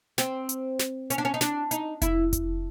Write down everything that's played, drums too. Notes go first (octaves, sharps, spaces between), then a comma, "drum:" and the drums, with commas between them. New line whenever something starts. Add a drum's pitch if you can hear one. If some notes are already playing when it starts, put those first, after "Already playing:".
C4, drum: snare
drum: hi-hat
drum: snare
C#4, drum: hi-hat
D4
C#4
D#4
D4, drum: snare
D#4, drum: hi-hat
E4, drum: kick F1, hi-hat
drum: kick F1, hi-hat